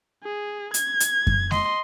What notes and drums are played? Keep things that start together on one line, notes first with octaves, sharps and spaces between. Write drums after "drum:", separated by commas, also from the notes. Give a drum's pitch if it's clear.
G#4
G#6, drum: hi-hat
drum: hi-hat
drum: kick F#2
D#5 C6, drum: snare G#3